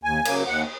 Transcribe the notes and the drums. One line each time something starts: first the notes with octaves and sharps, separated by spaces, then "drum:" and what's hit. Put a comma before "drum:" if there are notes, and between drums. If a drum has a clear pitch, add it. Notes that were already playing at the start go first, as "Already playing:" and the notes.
D#2 G#5
C#3 F#3 A#3, drum: cymbal
D#2 F#5